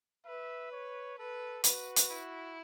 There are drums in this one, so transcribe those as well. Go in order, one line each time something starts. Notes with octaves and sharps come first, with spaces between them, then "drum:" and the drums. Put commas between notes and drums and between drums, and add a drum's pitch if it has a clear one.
B4 E5
C#5
A4 B4
F#4 B4, drum: hi-hat
drum: hi-hat
E4